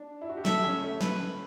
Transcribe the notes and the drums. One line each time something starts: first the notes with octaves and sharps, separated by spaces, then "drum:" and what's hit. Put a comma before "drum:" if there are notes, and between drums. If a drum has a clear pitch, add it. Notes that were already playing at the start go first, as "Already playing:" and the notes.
Already playing: D4
E4
F#4
G4
A4 E5, drum: snare
C#4
A3
B4, drum: snare
C#4